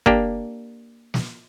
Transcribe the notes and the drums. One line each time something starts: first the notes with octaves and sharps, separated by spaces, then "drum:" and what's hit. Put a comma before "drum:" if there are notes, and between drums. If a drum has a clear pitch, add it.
A#3 D4 G4, drum: kick
drum: snare